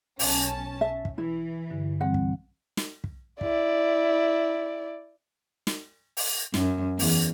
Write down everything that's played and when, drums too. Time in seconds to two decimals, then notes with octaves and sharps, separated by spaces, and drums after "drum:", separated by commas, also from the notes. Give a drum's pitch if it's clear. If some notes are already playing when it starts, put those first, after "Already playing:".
0.19 B1 C#4 A5, drum: open hi-hat
0.81 E5
1.05 drum: kick
1.18 E3 E4
1.71 G2 D3
2.01 E3 G3 C4 F#5
2.14 drum: kick
2.77 drum: snare
3.04 drum: kick
3.41 E4 D5, drum: kick
5.67 drum: snare
6.17 drum: open hi-hat
6.54 F#2, drum: snare
6.99 E2, drum: open hi-hat